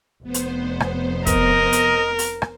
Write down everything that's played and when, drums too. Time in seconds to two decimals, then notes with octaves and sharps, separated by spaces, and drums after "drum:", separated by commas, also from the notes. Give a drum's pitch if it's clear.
0.23 F1 B3 C5
0.34 drum: hi-hat
0.80 drum: rim click
1.26 A#4 D#5, drum: kick, hi-hat
1.73 drum: hi-hat
2.19 drum: open hi-hat
2.42 drum: rim click